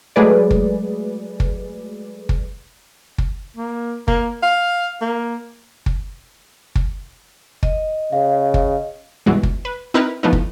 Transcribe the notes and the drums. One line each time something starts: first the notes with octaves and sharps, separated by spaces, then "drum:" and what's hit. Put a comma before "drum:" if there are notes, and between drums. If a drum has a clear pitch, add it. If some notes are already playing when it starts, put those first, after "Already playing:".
F#3 G#3 A3 G#4 B4 D5
drum: kick
drum: kick
drum: kick
drum: kick
A#3
A#3, drum: kick
F5
A#3
drum: kick
drum: kick
D#5, drum: kick
C#3 F5
drum: kick
C#2 G2 B2 E3 G#3
drum: kick
B4
C4 D#4 E4 A#4 B4
E3 F3 A3 B3 D#4
drum: kick